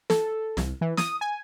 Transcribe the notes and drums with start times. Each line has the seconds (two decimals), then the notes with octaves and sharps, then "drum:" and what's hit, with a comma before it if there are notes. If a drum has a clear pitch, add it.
0.10 A4, drum: snare
0.57 C2, drum: snare
0.81 E3
0.97 D#6, drum: snare
1.21 G#5